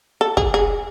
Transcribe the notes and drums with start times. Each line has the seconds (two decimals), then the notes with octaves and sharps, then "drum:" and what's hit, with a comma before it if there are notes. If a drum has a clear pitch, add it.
0.21 A4
0.37 G#4, drum: kick
0.54 G#4